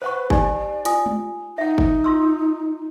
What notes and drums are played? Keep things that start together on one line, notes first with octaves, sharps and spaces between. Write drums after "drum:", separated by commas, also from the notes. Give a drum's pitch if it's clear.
B4 C5 F#5 C#6
D#4 G4 D5 G#5, drum: kick G#1
F4 G#5 D#6, drum: hi-hat
drum: tom
D#4 E5 F#5
drum: kick G#1
F4 C6 E6